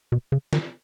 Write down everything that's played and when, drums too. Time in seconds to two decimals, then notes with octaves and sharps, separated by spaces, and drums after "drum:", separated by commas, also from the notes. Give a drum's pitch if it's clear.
0.12 B2
0.32 C#3
0.53 D#3, drum: snare